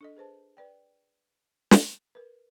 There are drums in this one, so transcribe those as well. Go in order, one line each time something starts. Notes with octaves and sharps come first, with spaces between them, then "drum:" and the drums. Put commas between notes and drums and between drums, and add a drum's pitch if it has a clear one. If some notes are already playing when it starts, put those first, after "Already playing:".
D4 A4 D#5
G#4 B4 C5 A5
B4 D5 G5
drum: snare
A#4 B4